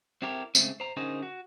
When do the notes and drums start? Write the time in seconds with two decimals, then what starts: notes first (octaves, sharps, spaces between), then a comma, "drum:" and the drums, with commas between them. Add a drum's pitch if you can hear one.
0.22 C4 E4 G4 A4 A#4
0.55 C#3 G#3 A3 C4, drum: tambourine
0.80 C5 A#5
0.97 D3 C#4 D#4 G#4 A#4 C5
1.22 F#4